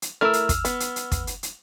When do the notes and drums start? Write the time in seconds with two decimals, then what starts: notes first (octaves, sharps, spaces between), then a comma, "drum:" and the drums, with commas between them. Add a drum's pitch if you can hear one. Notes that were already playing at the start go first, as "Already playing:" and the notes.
0.02 drum: hi-hat
0.21 A3 E4 A#4 E6 F6
0.33 drum: hi-hat
0.49 drum: kick, hi-hat
0.65 B3, drum: hi-hat
0.80 drum: hi-hat
0.96 drum: hi-hat
1.12 drum: kick, hi-hat
1.27 drum: hi-hat
1.43 drum: hi-hat